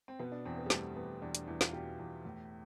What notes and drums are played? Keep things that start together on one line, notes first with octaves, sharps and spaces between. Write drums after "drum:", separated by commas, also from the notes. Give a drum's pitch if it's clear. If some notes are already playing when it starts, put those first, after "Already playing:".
C4
B2 B3
D4
E2 C4
B3
G3
E2 A3, drum: snare
E2 B3
E2 D4
D4, drum: hi-hat
E2 E4
F4, drum: snare
B2 G4
E2
A2